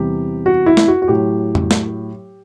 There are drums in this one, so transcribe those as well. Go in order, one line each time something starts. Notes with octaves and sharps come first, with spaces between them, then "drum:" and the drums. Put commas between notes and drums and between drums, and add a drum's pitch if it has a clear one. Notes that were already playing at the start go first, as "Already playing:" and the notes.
Already playing: E2 C3 G3 G4
F#4
E4
drum: snare
F#4
F#4
A2 F#3 G4
drum: tom F2
drum: snare